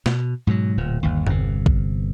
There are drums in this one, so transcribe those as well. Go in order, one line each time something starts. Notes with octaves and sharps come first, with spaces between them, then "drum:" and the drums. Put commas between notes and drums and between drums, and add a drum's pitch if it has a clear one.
B2, drum: snare
G#2 B2 D#3 F#3
D1 A#2
G1 D#2
G1 C3, drum: tom E2
drum: kick A1